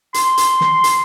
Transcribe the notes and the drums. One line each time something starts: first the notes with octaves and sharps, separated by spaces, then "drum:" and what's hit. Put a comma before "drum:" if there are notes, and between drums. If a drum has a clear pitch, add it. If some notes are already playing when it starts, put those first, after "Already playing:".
C6, drum: hi-hat
drum: hi-hat
drum: snare
drum: hi-hat